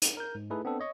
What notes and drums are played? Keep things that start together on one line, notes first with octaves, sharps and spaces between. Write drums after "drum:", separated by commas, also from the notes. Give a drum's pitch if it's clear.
drum: hi-hat
A#4 G6
G#2
A3 D#4 E4 G#4 A4 B4
B3 C4 D4 A4
C#5 D#5 C#6